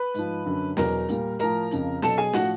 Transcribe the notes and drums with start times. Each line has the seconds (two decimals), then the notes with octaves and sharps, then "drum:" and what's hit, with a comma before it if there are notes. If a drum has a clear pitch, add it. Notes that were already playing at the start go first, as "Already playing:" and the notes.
Already playing: B4 B5
0.14 G#2 F3, drum: hi-hat
0.45 F#2 D3 F#3
0.77 E2 B2 F#3 A#4 A#5, drum: snare
1.08 A#2 G3, drum: hi-hat
1.39 A2 F3 A#4 A#5, drum: hi-hat
1.71 F2 C#3 F3, drum: hi-hat
2.02 B2 F#3 A4 A5, drum: snare
2.18 G#4 G#5
2.33 A2 F3 F#4 F#5, drum: snare